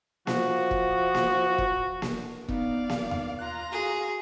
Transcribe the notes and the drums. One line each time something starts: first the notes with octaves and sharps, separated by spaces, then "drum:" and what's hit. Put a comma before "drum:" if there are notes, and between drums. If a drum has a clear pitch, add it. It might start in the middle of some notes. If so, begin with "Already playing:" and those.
F3 F#4, drum: snare A#3
drum: kick E1
drum: snare A#3
drum: kick E1
drum: snare A#3
B3 D#4 D5 F5, drum: kick E1
drum: snare A#3
drum: tom D#2
F4 A#5 F#6
F#4 G#4